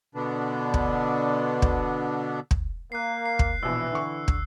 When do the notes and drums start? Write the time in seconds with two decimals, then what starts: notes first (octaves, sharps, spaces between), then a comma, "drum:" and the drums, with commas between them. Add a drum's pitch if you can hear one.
0.15 B2 D3 B3 D4
0.74 drum: kick
1.62 drum: kick
2.51 drum: kick
2.92 A#3 F#6 C7
3.26 C7
3.39 drum: kick
3.63 A#1 B2 E3 E6
3.92 D3 C#6
4.28 drum: kick